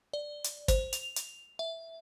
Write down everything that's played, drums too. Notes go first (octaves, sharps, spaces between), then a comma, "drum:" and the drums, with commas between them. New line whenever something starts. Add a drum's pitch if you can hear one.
D5
drum: hi-hat
C5, drum: kick, hi-hat
F7, drum: hi-hat
drum: hi-hat
E5